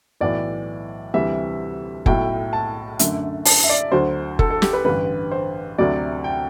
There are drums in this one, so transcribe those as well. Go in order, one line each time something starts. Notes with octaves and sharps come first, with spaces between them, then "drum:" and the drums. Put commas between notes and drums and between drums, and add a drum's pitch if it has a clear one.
B1 A2 E3 D5
D2 C3 E3 G3 E5
B1 A2 F#3 A3 G5, drum: kick F#1
A5
F#2 D3 A3, drum: hi-hat
A5, drum: open hi-hat
E5
D5
D2 D3 F#3 C5
A4, drum: kick F#1
A4
G4, drum: snare
B4
A1 G2 D3 B4
C5
D2 C3 F#3 A3 D5
G5